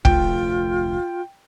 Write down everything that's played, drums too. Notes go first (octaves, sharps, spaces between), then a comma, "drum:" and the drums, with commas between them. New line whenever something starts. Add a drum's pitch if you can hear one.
F1 D2 A3 F4 G5, drum: kick